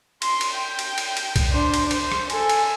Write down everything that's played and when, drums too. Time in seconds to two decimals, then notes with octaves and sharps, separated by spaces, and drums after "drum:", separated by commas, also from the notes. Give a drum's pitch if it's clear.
0.22 C6, drum: cymbal
0.41 drum: cymbal
0.54 G5
0.79 drum: cymbal
0.98 drum: cymbal
1.17 drum: cymbal
1.36 drum: kick C2, cymbal
1.50 D4 C5
1.74 drum: cymbal
1.91 C5, drum: cymbal
2.12 drum: rim click
2.30 A4 G#5, drum: cymbal
2.49 drum: cymbal